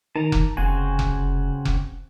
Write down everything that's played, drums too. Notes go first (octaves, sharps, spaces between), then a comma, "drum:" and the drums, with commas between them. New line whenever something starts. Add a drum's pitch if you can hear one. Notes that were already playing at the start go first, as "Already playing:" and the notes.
D#3 A5 A#5
drum: kick F1
F1 C#3 C4 F#4 G#5
drum: kick F1
drum: kick F1